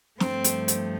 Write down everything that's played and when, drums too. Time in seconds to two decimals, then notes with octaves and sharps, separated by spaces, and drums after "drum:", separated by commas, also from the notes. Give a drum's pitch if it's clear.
0.20 G2 F3 A3 C4, drum: snare
0.44 drum: hi-hat
0.68 drum: hi-hat